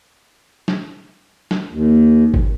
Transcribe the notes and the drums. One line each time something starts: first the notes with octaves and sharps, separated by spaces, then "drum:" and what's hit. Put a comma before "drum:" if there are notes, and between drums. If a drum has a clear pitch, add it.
drum: snare
drum: snare
D#2
drum: kick G1